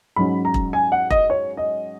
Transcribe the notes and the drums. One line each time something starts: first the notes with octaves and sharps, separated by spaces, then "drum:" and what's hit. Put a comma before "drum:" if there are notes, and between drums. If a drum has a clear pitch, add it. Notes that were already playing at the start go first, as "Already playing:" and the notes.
G#2 F#3 C#4 B5
A#5
drum: kick E1
G#5
F#5
D#5, drum: kick E1
C#5
D#5